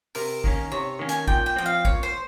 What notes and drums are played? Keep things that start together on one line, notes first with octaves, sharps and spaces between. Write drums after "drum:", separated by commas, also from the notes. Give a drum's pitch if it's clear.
C3 A#4, drum: open hi-hat
D#3 A#3 C#4, drum: kick
C3 C#5
D#3 A#3 C#4
G#5, drum: hi-hat
A#2 G5, drum: kick
G5
F3 C4 G5
F5
A#2 C#5, drum: kick
C5